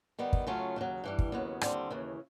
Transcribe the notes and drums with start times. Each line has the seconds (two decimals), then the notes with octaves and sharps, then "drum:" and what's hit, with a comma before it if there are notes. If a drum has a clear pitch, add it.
0.19 D#3 G3 B3
0.33 drum: kick
0.47 C#3 F#3 A3 C#4 F4
0.76 D#2 C#3 F#3
1.04 G2 E3 G3
1.19 drum: kick
1.32 D#2 C#3 F#3 B3
1.61 D#2 D3 G3 C4, drum: rim click
1.91 D#2 C#3 E3